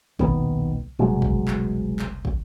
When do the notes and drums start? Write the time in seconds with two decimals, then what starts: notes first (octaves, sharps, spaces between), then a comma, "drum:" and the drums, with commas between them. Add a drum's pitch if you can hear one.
0.19 D#1 B1 D#3 B3, drum: kick
0.99 F#1 C2 B2 F#3 G#3
1.22 drum: kick
1.48 drum: clap
1.99 drum: clap
2.25 drum: kick